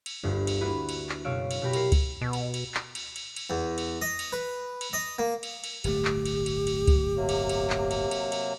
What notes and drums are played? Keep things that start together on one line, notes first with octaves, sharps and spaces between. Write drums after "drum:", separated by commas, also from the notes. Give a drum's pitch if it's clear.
drum: cymbal
G1 D2 G2
drum: cymbal
A#3 D4 E4 F#4 B4
drum: cymbal
drum: clap
F#1 B2 C#5 F5 E6 D7
drum: cymbal
B2 F4 G4 B5 A#6
E4 A#4 C7, drum: cymbal
drum: kick C#2, cymbal
B2
drum: cymbal
drum: cymbal
drum: clap
drum: cymbal
drum: cymbal
drum: cymbal
E2
drum: cymbal
D#5
drum: cymbal
B4
drum: cymbal
D#5
A#3
drum: cymbal
drum: cymbal
D1 G1 A3 G4, drum: cymbal
drum: clap
drum: cymbal
drum: cymbal
drum: cymbal
drum: kick C#2, cymbal
C3 F#3 A#3
drum: cymbal
drum: cymbal
drum: clap
drum: cymbal
drum: cymbal
drum: cymbal